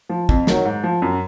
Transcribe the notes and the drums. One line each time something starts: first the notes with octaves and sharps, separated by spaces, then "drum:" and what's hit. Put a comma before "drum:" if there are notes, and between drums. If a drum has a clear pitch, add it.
F3
F2, drum: kick
D#3 F#3, drum: snare
G#2
F3
F#2